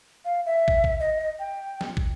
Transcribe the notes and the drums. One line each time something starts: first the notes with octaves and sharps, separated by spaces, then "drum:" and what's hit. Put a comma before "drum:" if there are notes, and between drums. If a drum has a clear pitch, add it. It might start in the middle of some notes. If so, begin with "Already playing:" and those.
F5
E5
drum: kick
drum: kick
D#5
G5
drum: snare
drum: kick